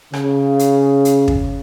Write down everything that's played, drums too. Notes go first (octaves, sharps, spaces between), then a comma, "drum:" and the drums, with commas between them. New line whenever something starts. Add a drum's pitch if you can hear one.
C#3, drum: rim click
drum: hi-hat
drum: hi-hat
drum: kick